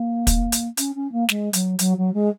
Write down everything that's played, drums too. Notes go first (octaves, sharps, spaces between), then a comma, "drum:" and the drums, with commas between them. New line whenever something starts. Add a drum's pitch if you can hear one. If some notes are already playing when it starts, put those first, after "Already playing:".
Already playing: A#3
drum: kick, hi-hat
drum: hi-hat
C#4, drum: hi-hat
C#4
A#3
G#3, drum: snare
F#3, drum: hi-hat
F#3, drum: hi-hat
F#3
G#3